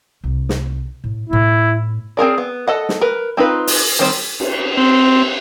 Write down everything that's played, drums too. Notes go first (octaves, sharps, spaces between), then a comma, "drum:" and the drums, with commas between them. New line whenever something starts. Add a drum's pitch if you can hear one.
C2
drum: snare
A2
A2 B3 E4
C4 G#4 A#4 D5
B3
A4 D#5 F#5
drum: snare
A#4 B4
C4 D#4 F4 B4
drum: open hi-hat
D#3 G3 C4 F#4 C5
drum: cymbal
C4